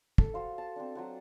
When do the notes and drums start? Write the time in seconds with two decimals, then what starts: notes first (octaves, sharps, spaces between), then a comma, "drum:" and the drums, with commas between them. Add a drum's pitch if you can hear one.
0.18 A4, drum: kick
0.34 F#4 C5 F5
0.58 A5
0.76 C4 D4
0.95 F#3 C5 F#5